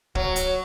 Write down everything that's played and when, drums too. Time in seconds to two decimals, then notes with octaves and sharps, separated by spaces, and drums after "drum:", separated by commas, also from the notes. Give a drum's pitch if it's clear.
0.15 F#3, drum: kick
0.36 drum: hi-hat